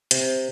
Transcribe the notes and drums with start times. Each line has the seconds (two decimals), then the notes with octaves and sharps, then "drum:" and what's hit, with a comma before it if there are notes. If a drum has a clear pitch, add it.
0.11 C3, drum: hi-hat